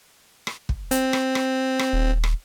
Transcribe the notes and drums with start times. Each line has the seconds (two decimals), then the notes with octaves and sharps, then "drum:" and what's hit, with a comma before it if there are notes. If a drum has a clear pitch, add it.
0.47 drum: rim click
0.69 drum: kick
0.91 C4, drum: hi-hat
1.13 drum: rim click
1.35 drum: rim click
1.79 drum: rim click
1.93 D#1
2.24 drum: rim click